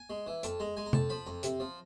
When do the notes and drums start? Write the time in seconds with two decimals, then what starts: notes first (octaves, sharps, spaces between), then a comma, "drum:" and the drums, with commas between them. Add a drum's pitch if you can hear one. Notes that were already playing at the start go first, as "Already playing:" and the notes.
Already playing: G#5
0.10 G#3
0.27 E3
0.43 F2 A5, drum: hi-hat
0.60 G#3 A#5
0.77 G#3 G#5
0.86 A#5
0.93 F2 A5, drum: tom C3
1.10 F3 B5
1.26 F2 A#5
1.43 C3, drum: hi-hat
1.60 F3